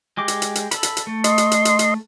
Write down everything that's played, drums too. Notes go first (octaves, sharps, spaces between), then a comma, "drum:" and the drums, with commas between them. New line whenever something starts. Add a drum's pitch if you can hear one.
G#3 G4 D6
drum: hi-hat
drum: hi-hat
drum: hi-hat
A4 B5, drum: hi-hat
drum: hi-hat
drum: hi-hat
A3
D#5 C6, drum: hi-hat
drum: hi-hat
drum: hi-hat
drum: hi-hat
drum: hi-hat